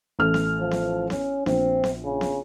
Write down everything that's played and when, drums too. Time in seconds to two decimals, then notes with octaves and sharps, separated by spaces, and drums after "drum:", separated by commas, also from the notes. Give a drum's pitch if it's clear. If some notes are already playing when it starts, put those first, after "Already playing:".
0.19 A1 A4 F6
0.34 drum: snare B3
0.60 F3
0.71 drum: snare B3
1.10 C#4, drum: snare B3
1.46 A#1 C4, drum: snare B3
1.84 drum: snare B3
2.04 C#3
2.21 drum: snare B3